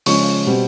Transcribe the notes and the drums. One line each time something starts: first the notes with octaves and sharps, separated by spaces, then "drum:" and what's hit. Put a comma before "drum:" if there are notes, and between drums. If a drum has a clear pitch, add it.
C#3 F3 G#3 C#4 C#6, drum: open hi-hat
B2 G3 C4